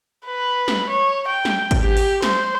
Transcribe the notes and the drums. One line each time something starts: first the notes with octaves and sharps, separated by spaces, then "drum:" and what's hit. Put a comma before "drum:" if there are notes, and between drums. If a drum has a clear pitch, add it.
B4
drum: snare
C#5
G5
drum: snare
drum: kick G#1, hi-hat
G4
drum: open hi-hat
C5, drum: snare